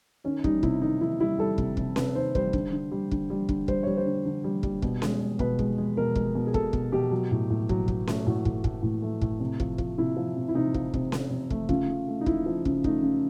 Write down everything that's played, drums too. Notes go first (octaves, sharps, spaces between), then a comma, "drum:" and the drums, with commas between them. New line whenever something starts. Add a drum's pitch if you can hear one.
D#3 C#4
G3 D#4, drum: kick
C3 E4, drum: kick
D#3 D#4
D#3 E4
G3 E4
G3 A4
C3, drum: kick
C3, drum: kick
C3 B4, drum: snare C#4
D#3 C5
G3 C5, drum: kick
D3, drum: kick
D3
G3
D3, drum: kick
G3
D3, drum: kick
G3 C5, drum: kick
G3 C#5
C5
D3
D3
G3
G3, drum: kick
B2, drum: kick
G#3, drum: snare C#4
G#3
B2 B4, drum: kick
G#3, drum: kick
G#3
B2 A#4
G#3, drum: kick
B2
G#4
B2 A4, drum: kick
B2, drum: kick
B2 G4
F#3
A2
A2
F#3, drum: kick
F#3, drum: kick
A3, drum: snare C#4
A2 F#4
A2, drum: kick
A2, drum: kick
A2
A3
A2, drum: kick
C3
F3, drum: kick
F3, drum: kick
C3 E4
F3
C3
E4
C3 D#4
F3, drum: kick
C3, drum: kick
C3, drum: snare C#4
C3
A3, drum: kick
C#3 F4, drum: kick
C#3
A3
D#4
F3 E4, drum: kick
F3
C#3, drum: kick
A3 D#4, drum: kick
C#3